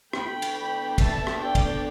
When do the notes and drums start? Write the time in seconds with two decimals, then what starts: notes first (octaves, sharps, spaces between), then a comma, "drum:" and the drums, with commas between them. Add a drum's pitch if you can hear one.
0.13 D3 B3 D4 G5 B5, drum: rim click
0.42 drum: cymbal
0.56 G5 B5
0.98 E5 A5, drum: kick, cymbal
1.27 drum: rim click
1.41 D5 G5
1.55 drum: kick, cymbal